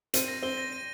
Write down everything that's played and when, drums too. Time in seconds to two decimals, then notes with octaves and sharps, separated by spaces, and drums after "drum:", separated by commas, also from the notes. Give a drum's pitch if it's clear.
0.14 C4 D#7, drum: hi-hat
0.28 A#6
0.43 C4 G7
0.58 A#6
0.72 D#7